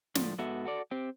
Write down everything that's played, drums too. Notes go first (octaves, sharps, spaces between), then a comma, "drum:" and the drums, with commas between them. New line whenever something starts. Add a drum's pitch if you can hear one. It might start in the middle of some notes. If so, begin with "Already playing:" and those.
A2 D3 F3, drum: snare
G#2 B3 F#4 A4 E5
F#4 A4 D5
C4 G4